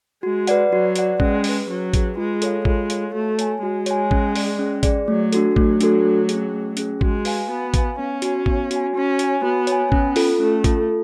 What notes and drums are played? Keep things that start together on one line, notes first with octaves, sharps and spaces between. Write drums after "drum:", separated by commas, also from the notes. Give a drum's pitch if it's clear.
G#3 F#4
B4 D5 F#5, drum: hi-hat
F#3 F#4
B4 D5 F#5, drum: hi-hat
G#3 C#4, drum: kick A1
G#4 B4, drum: open hi-hat
F#3 C#4
G#4 B4, drum: kick A1, hi-hat
G#3 F4
A4 C#5 F5, drum: hi-hat
G#3 F4, drum: kick A1
A4 C#5 F5, drum: hi-hat
A3 F#4
C#5 G#5, drum: hi-hat
G#3 F#4
C#5 G#5, drum: hi-hat
C#4, drum: kick A1
G#4 D5, drum: open hi-hat
C#4
G#4 D5, drum: kick A1, hi-hat
F#3 A3
D4 F#4 A4, drum: hi-hat
F#3 A3, drum: kick A1
D4 F#4 A4, drum: hi-hat
A3
C#4 G#4, drum: hi-hat
A3
C#4 G#4, drum: hi-hat
G#3 F#4, drum: kick A1
B4 F5 G#5, drum: open hi-hat
B3 F#4
B4 F5 G#5, drum: kick A1, hi-hat
B3 C#4
F#4 C#5 G#5, drum: hi-hat
B3, drum: kick A1
F#4 C#5 G#5, drum: hi-hat
C#4 F#4
C#5 G#5, drum: hi-hat
B3 F#4
C#5, drum: hi-hat
G#5
B3 C#4, drum: kick A1
F4 A4, drum: open hi-hat
A3 C#4
F4 A4, drum: kick A1, hi-hat